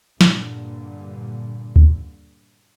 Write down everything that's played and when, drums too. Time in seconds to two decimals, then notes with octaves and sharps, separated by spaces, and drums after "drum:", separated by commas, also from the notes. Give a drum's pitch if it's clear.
0.21 G2 A#2 D3, drum: snare
1.76 drum: kick